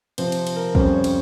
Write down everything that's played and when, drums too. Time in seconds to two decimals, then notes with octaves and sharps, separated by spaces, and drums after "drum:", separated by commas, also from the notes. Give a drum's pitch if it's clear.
0.18 C3 F3 C4 C5, drum: cymbal
0.32 drum: cymbal
0.47 drum: cymbal
0.56 A#4
0.75 F2 C#3 G3 C#4 C5, drum: kick
0.94 C#5
1.04 drum: cymbal